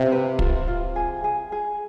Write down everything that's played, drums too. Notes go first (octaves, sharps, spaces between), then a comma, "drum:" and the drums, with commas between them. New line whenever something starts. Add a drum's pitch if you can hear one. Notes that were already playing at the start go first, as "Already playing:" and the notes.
Already playing: C3 F4
B4
F4, drum: kick
F4
G#4
G#4
G#4